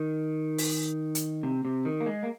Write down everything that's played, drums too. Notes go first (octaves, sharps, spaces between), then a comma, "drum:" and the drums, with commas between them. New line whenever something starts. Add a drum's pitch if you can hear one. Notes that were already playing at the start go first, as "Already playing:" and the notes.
Already playing: D#3
drum: open hi-hat
drum: hi-hat
C3
C3
D#3
A#3
G#3
A#3